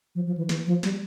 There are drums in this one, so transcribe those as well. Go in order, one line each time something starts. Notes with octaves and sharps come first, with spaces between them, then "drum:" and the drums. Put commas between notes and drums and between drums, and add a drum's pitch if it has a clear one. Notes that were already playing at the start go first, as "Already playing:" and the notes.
F3
F3
E3
E3, drum: snare
F3
G3, drum: snare